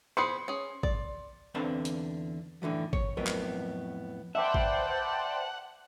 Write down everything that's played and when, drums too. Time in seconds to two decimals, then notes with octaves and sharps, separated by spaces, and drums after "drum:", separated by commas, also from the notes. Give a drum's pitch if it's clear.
0.17 G#4 B4 C5 C6 C#7
0.48 C#4 G#4
0.83 D5, drum: kick G#1
1.54 E2 D3 C4 B4 F5 A5
1.85 drum: hi-hat
2.62 A2 D3 E3 F3
2.93 C#5, drum: kick G#1
3.17 F2 A2 F#3 B3 A#4 B4
3.27 drum: clap
4.35 B4 C5 D5 E5 F#5 G5 A5
4.54 drum: kick G#1